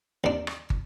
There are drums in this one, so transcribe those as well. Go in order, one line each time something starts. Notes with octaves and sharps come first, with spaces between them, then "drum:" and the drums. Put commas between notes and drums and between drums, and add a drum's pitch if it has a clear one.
D#2 D4
drum: rim click
drum: kick